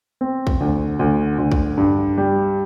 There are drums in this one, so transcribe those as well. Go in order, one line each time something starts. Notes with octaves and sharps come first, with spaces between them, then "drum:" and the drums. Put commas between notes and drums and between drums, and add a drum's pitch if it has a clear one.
C4
drum: kick
D2
D2
D2
drum: kick
G2
G3